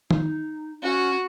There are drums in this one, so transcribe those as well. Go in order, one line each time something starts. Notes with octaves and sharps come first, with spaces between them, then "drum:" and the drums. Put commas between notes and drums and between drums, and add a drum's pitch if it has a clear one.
D#4, drum: tom
C#4 F#4